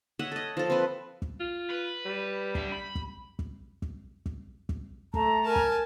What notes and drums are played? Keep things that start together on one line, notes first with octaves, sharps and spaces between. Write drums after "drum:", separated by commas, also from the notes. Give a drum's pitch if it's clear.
C#5 D#5 E5 F#5
A4 D#5
F3 A4
C4 B4
drum: kick
F4
B4
G3
D4 E5, drum: kick
B5
drum: kick
drum: kick
drum: kick
drum: kick
drum: kick
A3 A5 A#5, drum: kick
A#4 G#5 A5
drum: kick